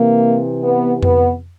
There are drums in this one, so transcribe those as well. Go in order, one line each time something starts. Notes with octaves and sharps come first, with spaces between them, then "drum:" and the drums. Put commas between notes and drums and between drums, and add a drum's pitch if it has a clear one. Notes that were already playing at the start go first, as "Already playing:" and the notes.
Already playing: C3 E3 A#3
B3
B3, drum: tom F2